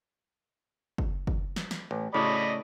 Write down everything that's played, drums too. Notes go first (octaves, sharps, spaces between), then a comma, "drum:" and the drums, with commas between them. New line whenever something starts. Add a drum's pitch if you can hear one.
drum: kick
drum: kick
drum: snare
drum: snare
A1
A2 C#3 D5 D#5 B5